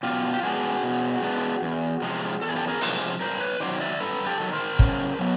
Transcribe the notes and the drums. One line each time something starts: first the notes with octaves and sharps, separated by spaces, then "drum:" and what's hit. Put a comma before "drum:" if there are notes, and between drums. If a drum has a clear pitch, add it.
B2 F4 G4
G4
G#3 B3 D4 F#4 G#4
B2
G#3 B3 D4
E2
C3 F3 G#3
E2 A4
G#4
G4 A4
G#4 A#4
C3 F3 G#3, drum: open hi-hat
G2 A#4 C5
B4 C#5
D#3 F#3 C5 D5
D5 E5
G2 A4 B4
G4 A4
D#3 F#3
A#4 C5
C#3, drum: kick
F#3 B3